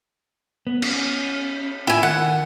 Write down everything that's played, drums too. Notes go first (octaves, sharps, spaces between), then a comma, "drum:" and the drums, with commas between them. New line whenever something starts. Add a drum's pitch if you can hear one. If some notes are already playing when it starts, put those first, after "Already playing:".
B3
C#4, drum: cymbal
A2 E4 F4 G5 G#5
D#3 F#5